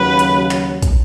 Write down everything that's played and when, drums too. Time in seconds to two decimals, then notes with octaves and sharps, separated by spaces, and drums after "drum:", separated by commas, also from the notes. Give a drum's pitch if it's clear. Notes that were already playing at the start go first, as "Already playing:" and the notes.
Already playing: D#2 C#3 F#3 B4
0.19 drum: hi-hat
0.51 drum: clap
0.83 drum: kick, hi-hat